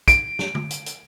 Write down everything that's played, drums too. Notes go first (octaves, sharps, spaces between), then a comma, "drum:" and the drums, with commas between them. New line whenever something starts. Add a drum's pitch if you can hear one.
D7, drum: kick, hi-hat
drum: snare
drum: tom D3
drum: hi-hat
drum: hi-hat